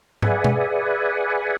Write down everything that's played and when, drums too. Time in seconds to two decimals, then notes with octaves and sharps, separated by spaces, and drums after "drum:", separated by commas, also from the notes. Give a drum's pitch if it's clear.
0.22 G#4 B4 D5 E5 F#5 G#5, drum: tom
0.44 drum: tom B2